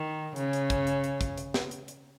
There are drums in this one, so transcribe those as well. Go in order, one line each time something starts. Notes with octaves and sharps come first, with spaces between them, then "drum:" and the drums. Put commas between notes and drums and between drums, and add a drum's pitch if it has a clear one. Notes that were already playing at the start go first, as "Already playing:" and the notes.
Already playing: D#3
C#3, drum: hi-hat
drum: hi-hat
drum: kick, hi-hat
drum: hi-hat
drum: hi-hat
drum: kick, hi-hat
drum: hi-hat
drum: snare
drum: hi-hat
drum: hi-hat